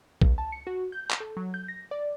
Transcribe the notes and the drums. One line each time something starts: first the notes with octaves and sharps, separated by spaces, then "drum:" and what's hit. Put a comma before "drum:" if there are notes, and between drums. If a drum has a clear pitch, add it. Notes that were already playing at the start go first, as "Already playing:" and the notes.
C#2, drum: kick A#1
A5
C#7
F#4
G6
drum: clap
A4
F#3
G6
A#6
D5